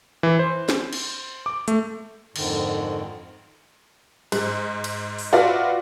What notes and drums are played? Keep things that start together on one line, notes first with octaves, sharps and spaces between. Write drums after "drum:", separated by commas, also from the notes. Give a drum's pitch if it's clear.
E3
C5
drum: snare
drum: cymbal
D6
A3, drum: hi-hat
F2 G#2 D3 D#3, drum: cymbal
G#2, drum: cymbal
drum: cymbal
drum: open hi-hat
F4 F#4 B4 D5 E5 F5